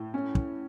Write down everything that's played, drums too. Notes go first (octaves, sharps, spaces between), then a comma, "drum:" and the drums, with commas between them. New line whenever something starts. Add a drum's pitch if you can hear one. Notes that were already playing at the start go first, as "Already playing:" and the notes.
Already playing: A2
C#4
drum: kick